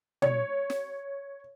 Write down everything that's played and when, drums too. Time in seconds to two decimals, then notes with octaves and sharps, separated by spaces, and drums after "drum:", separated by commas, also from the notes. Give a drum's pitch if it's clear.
0.22 C#5, drum: tom
0.70 drum: snare